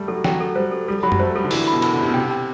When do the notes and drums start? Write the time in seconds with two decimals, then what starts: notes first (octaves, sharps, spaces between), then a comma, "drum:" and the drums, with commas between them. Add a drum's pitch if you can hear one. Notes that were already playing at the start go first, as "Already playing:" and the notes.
Already playing: G3 A3
0.08 F#3 A4
0.24 F#3 G5, drum: snare
0.40 A4
0.55 G3 C5
0.71 A4
0.88 G3 A4
1.03 F#3 B5
1.12 G3, drum: tom
1.20 A3 C5
1.35 G3 A4
1.44 D3
1.51 E3 A4, drum: open hi-hat
1.68 B5
1.73 B2
1.82 B5, drum: cymbal
1.93 D3
1.98 C3 B5
2.08 B2
2.14 C3 G5
2.31 G5